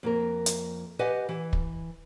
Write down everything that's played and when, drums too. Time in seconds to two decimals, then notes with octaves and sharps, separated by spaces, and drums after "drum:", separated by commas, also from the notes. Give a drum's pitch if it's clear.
0.03 F2 A#3 A#4
0.46 drum: hi-hat
0.99 G4 B4 D#5 F#5 G#5
1.29 E3
1.53 drum: kick